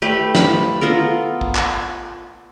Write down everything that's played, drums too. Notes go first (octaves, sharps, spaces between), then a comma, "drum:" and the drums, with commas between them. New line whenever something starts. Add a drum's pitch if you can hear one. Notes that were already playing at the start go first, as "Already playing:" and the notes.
A3 G4 B4
F5 A5 B5, drum: snare
B3 F4 A4 A#4
drum: kick
drum: clap